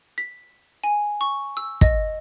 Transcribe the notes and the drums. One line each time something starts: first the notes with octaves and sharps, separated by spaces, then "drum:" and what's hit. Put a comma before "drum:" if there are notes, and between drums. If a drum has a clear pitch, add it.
B6
G#5
C#6
E6
D#5, drum: kick